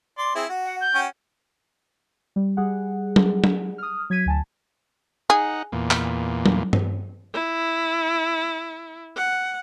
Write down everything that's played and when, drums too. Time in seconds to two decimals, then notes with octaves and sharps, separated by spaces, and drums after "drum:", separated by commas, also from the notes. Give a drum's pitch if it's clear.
0.18 D5 C6
0.35 C4 E4 G#4
0.49 F#4
0.65 F#5
0.81 G6
0.94 C#4 F#4 G5
2.36 G3
2.57 G3 G#4 F#5
3.16 drum: tom F#3
3.44 drum: tom F#3
3.78 D#6 F6
4.10 F#3 G#6 B6 D#7
4.26 D2 G#5 A5
5.30 D#4 G#4 F#5
5.72 E2 A#2
5.91 drum: clap
6.46 drum: tom F#3
6.73 drum: tom G2
7.34 E4
9.17 F#5